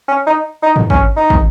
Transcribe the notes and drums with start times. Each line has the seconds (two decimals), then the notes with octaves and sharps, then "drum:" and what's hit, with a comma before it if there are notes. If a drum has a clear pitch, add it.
0.08 C#4
0.27 D#4
0.63 D#4
0.76 drum: tom G2
0.90 C#4, drum: kick
1.17 D#4
1.30 drum: kick